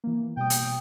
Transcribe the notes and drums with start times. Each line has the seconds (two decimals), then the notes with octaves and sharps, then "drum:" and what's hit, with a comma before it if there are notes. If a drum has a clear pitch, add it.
0.04 E3 A#3
0.37 B2 G3 G5 D#6
0.50 drum: hi-hat